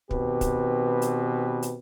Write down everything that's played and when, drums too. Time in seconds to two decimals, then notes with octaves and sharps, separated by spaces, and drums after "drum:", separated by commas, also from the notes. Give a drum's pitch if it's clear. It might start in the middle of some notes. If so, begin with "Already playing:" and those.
0.11 B2 D#3 C4 G4 B4, drum: kick
0.41 drum: kick, hi-hat
1.02 drum: hi-hat
1.62 drum: hi-hat